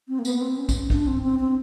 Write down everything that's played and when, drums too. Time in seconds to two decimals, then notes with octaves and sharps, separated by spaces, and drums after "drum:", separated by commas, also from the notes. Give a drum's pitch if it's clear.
0.08 C4
0.19 A#3
0.25 B3, drum: tambourine
0.35 B3
0.41 C4
0.57 C#4
0.69 drum: kick, tambourine
0.90 D4, drum: kick
1.07 C4
1.23 C4
1.40 C4